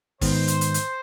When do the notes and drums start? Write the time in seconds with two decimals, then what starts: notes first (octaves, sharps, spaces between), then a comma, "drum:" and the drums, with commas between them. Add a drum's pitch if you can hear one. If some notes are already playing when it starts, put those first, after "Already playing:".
0.21 G#2 D#3 B3 C5, drum: kick, open hi-hat
0.48 drum: hi-hat
0.61 drum: hi-hat
0.74 drum: hi-hat